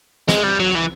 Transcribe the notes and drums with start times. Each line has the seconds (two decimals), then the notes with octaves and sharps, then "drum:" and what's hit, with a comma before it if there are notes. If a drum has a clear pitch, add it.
0.29 G#3, drum: snare
0.44 G3
0.60 F#3
0.75 E3